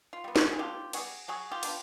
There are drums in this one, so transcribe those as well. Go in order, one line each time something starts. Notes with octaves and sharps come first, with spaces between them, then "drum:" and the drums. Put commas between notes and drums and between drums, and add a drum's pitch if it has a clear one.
F4
G3 B3
F#4, drum: snare
G#4
D3 F4 G4
G3 B3 F#4 G#4, drum: cymbal
F#3 F#4 G#4
F4 G4
B3 D4 F4, drum: cymbal